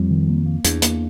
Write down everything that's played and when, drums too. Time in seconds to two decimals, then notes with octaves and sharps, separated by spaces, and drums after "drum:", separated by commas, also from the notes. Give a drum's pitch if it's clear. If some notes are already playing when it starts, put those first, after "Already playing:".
Already playing: F2 G3
0.10 D#3
0.29 A#3
0.46 A#3
0.65 E2 D4, drum: hi-hat
0.82 A#3, drum: hi-hat